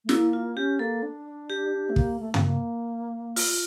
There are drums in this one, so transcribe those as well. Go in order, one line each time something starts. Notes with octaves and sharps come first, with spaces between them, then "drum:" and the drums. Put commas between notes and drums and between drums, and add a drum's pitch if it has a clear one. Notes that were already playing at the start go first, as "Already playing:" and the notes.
A3
A#3 E4, drum: snare
F4
C#4 G4
A#3 A4
D4
G4
A3
A#3, drum: kick
A3
A3, drum: tom
A#3
F4, drum: open hi-hat